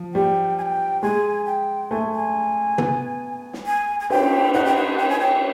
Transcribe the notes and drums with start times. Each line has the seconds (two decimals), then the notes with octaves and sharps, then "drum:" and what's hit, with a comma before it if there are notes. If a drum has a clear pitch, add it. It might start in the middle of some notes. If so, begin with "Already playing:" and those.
Already playing: F3
0.14 G3 G5
0.58 G#5
0.62 G5
1.02 G#3 G#5
1.46 G5
1.90 A3 G#5
2.12 G#5
2.78 B3, drum: tom
3.53 drum: snare
3.66 G#5
4.00 G#5
4.10 G5, drum: cymbal
4.54 D#4 F#5
4.65 G5
4.76 F#5
4.98 G5
5.09 G#5
5.20 G5